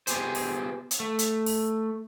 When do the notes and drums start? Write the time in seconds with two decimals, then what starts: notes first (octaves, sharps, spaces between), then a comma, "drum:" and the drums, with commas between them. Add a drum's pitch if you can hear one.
0.07 B3 G4 G#4 C5, drum: hi-hat
0.35 drum: open hi-hat
0.91 drum: hi-hat
1.00 A3
1.19 drum: hi-hat
1.46 drum: open hi-hat